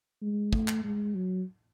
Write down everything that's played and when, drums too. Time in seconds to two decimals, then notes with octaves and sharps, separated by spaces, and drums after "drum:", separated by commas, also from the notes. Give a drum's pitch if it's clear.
0.21 G#3
0.53 A3, drum: kick
0.68 drum: clap
0.84 G#3
1.15 F#3